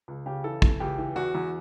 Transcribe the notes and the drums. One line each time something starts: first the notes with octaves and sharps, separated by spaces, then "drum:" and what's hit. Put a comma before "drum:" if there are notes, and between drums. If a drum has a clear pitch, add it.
C#2
C#3 G4
E3 A4
E3, drum: kick
C#2 G4
E3
E2 F#4
E2